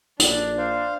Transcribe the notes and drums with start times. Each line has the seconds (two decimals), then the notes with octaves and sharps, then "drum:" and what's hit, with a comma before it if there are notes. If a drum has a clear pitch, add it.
0.19 A#1 D4, drum: hi-hat
0.58 C5 F5